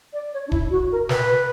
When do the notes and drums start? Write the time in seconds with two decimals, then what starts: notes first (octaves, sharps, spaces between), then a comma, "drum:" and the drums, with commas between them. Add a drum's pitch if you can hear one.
0.13 D5
0.32 C#5
0.46 D4
0.52 E4, drum: kick D#1
0.70 F#4
0.91 A#4
1.09 B4, drum: snare